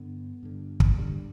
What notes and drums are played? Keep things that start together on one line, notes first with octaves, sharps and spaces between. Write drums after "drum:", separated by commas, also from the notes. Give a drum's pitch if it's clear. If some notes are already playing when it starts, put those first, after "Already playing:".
Already playing: G2 D3 B3
G2 D3
drum: kick
G2 D3 G3